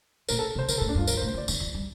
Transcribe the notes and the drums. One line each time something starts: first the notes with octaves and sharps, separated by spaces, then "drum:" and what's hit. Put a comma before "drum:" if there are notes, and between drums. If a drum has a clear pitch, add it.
A#2 A#4, drum: tambourine
A4
C3
C5
D3 A#4, drum: tambourine
A4
A2
D4
G2
F4
G2 A#4, drum: tambourine
C5
A2
C5
D3
D5
D#3, drum: tambourine
F3
G3